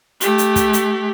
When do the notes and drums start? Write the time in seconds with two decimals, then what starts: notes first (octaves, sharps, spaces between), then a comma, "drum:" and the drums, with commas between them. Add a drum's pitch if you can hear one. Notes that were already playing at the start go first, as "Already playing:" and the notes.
0.21 A3 G4, drum: hi-hat
0.38 drum: hi-hat
0.56 drum: kick, hi-hat
0.73 drum: hi-hat